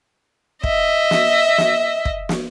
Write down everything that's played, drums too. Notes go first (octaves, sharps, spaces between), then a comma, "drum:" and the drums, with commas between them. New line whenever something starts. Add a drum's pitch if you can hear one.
D#5 E5, drum: kick
drum: snare
drum: snare
drum: kick
drum: snare